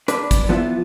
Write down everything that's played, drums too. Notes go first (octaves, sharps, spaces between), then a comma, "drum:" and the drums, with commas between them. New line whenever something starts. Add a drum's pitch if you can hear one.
D4 B4, drum: hi-hat
drum: kick, hi-hat
F3 B3 E4 F4